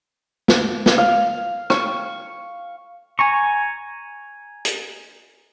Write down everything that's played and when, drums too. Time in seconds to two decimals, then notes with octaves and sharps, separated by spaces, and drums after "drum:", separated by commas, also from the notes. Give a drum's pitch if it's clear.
0.48 drum: snare
0.86 drum: snare
0.98 F5
1.70 C#6, drum: rim click
3.19 G#5 A#5 C#6
4.65 drum: hi-hat